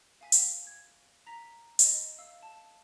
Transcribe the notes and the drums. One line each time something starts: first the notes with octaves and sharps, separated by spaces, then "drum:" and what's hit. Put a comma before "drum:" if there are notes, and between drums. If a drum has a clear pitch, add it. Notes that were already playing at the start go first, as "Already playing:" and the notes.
F5 G#5 B6
drum: hi-hat
G#6
A#5 A#6 B6
D#5, drum: hi-hat
F5 E6
A5